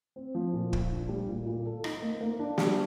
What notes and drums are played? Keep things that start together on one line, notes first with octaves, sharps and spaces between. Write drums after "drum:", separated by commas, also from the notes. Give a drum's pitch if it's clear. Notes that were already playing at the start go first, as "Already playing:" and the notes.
C4
F3
A#2
A#2, drum: kick
D4
G3
A#2
A#2
A4
D#4, drum: rim click
A#3
A#3
D4
G3, drum: snare